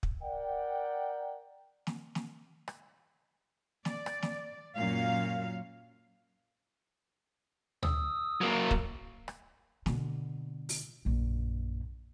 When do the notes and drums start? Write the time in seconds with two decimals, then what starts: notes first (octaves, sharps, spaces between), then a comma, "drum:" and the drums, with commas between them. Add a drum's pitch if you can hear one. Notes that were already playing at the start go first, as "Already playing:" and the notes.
0.03 drum: kick
0.22 A#4 D5 F#5 G5
1.87 drum: snare
2.15 drum: snare
2.68 drum: rim click
3.85 D5, drum: snare
4.06 drum: rim click
4.22 drum: snare
4.76 F#2 A#2 F#3 C#4 F5
7.83 D#6 E6, drum: tom D2
8.41 F#3 A#3
8.71 drum: kick
9.28 drum: rim click
9.86 B2 D3, drum: snare
10.69 drum: open hi-hat
11.05 A#1 F#2